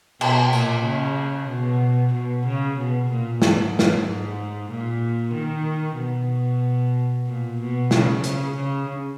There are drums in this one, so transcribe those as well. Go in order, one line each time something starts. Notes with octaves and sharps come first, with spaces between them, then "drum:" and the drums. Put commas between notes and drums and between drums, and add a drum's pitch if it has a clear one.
B2, drum: cymbal
A#2, drum: tambourine
C#3
B2
B2
C#3
B2
A#2
G#2, drum: snare
drum: snare
G#2
A#2
D#3
B2
A#2
B2
C#3, drum: snare
C#3, drum: hi-hat
C#3